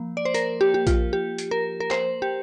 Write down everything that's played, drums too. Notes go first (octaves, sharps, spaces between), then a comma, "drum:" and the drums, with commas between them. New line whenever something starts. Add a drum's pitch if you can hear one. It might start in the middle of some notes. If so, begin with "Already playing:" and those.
Already playing: F3 A#3
D5
C5
A#4, drum: hi-hat
G4
G4
F4, drum: kick A#1, hi-hat
G4
drum: hi-hat
A#4
A#4
C5, drum: clap
G4